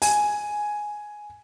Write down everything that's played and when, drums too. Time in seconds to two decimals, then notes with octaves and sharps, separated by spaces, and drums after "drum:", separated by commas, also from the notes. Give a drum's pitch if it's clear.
0.02 G#5, drum: open hi-hat